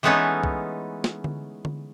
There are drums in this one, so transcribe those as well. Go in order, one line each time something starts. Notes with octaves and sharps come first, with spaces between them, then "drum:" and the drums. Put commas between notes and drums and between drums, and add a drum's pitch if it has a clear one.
E3 G#3 A3 B3 C#4 D#4
drum: kick
drum: snare
drum: tom D3
drum: tom D3